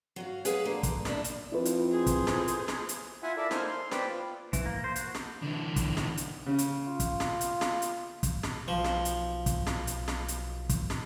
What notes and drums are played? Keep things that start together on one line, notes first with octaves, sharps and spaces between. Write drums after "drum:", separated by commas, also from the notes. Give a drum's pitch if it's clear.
F#3 F#4 F5
G#4 B4 C#5 D#5 F5 F#5, drum: hi-hat
D3 A#3
drum: kick, hi-hat
G2 D3 D4 E5, drum: snare
drum: hi-hat
F2 E4 F4 B4
drum: hi-hat
G#4 C5
drum: kick, hi-hat
drum: snare
drum: hi-hat
drum: snare
drum: hi-hat
E4 F4 E5 F#5 G#5
E4 A4 A#4 D5 E5
A#3 D#4 C5 G#5 F6, drum: snare
C6
B4 C5 D5 G5 B5, drum: snare
F4
E3, drum: kick, hi-hat
A#3
C5
F#4, drum: hi-hat
drum: snare
D3 E3
drum: kick, hi-hat
drum: snare
drum: hi-hat
C#3
drum: hi-hat
F4
drum: kick, hi-hat
drum: snare
drum: hi-hat
drum: snare
drum: hi-hat
drum: kick, hi-hat
drum: snare
B1 F3
drum: snare
drum: hi-hat
drum: kick, hi-hat
drum: snare
drum: hi-hat
drum: snare
drum: hi-hat
drum: kick, hi-hat
drum: snare